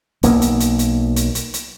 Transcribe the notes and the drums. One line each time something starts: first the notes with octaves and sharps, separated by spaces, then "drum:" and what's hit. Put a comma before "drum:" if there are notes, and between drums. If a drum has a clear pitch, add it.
B1 A#3 B3, drum: hi-hat
drum: hi-hat
drum: hi-hat
drum: hi-hat
drum: hi-hat
drum: hi-hat
drum: hi-hat